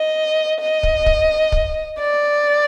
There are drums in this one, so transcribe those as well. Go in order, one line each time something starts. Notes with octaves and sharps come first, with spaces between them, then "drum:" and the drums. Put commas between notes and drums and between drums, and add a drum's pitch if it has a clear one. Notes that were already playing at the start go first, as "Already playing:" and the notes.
Already playing: D#5
D#5
drum: kick
drum: kick
drum: kick
D5